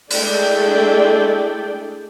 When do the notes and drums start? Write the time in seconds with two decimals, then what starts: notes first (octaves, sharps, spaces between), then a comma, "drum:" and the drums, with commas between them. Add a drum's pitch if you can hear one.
0.10 G#3 A3 D4 E4 D5 G5, drum: open hi-hat